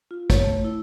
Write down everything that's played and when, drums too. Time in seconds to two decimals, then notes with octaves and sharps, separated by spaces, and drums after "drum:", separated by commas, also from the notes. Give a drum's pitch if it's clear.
0.11 F4
0.30 C#5, drum: kick, hi-hat
0.44 A3
0.64 E4